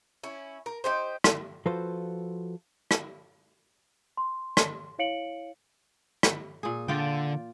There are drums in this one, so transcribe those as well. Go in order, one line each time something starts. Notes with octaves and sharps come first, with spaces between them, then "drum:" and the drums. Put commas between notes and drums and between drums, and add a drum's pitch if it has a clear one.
C#4 E4
A#4
D#4 G4 C5
drum: rim click
F3 F4 F#4 A4 B4 C5
drum: rim click
C6
drum: rim click
E4 C#5 F5 C#7 D7 F#7
drum: rim click
A#2 G#4
D3 F4 D5 G5